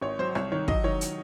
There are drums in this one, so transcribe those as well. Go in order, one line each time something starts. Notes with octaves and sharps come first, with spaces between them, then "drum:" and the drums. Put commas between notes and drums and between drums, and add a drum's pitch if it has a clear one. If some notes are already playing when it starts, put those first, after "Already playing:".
G#1 C#5
F#3 C5
C2 C#5, drum: rim click
D#3 C#5
F#3 D#5, drum: kick
D#3 C#5
drum: hi-hat